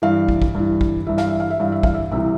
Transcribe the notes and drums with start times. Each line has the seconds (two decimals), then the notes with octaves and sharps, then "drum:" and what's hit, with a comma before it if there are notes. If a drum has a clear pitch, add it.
0.02 G2 E3 F5
0.28 drum: kick
0.42 drum: kick
0.55 G2 E3
0.81 drum: kick
1.07 G2 E3 E5
1.18 F5, drum: snare
1.29 E5
1.40 F5
1.50 E5
1.60 G2 E3 F5
1.72 E5
1.83 F5, drum: kick
1.94 E5
2.12 C2 C3 E3 E5